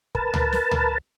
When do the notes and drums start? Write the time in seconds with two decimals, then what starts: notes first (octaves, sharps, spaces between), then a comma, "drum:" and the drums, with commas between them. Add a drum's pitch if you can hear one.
0.15 A#4 B4 A5, drum: kick
0.34 drum: tom C#2
0.53 drum: snare
0.71 drum: tom C#2